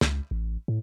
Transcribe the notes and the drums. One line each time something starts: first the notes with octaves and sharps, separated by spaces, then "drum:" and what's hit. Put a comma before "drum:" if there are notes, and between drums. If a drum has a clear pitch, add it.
C#2, drum: snare
A1
A2